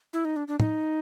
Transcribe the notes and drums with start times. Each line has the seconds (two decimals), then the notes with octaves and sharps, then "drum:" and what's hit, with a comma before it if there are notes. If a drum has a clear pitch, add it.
0.13 E4
0.25 D#4
0.36 D4
0.48 D4
0.60 D#4, drum: tom